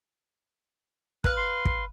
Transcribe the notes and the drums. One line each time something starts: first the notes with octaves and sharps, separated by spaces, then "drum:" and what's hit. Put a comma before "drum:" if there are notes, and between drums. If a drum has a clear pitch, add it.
B4 F5 F#6, drum: kick
C6
drum: kick